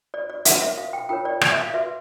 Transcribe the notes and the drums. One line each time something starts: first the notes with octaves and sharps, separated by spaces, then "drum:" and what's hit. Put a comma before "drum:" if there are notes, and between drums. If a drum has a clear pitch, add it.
D5
D5
F#4 A#4 C#5 E5, drum: hi-hat
E5
F5
G5
F4 A#4 C#5 G5
D5
D5, drum: rim click
E5
F5
F#4 B4 E5